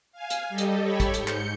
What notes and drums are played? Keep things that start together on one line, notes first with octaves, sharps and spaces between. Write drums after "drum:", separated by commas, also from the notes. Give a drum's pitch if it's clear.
F5 G#5
drum: hi-hat
G3 G4 A4 D#5
drum: hi-hat
G4 A4 C#5 B5 C#6
drum: kick, hi-hat
G#2 G6 C#7, drum: hi-hat
drum: clap